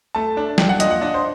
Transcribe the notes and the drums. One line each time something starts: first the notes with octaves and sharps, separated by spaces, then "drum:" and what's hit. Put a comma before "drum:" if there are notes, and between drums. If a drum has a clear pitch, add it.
A3 A5
D4
D4 G5, drum: snare
F#5
A#2 D#5, drum: hi-hat
F#5
D4 D#5
C5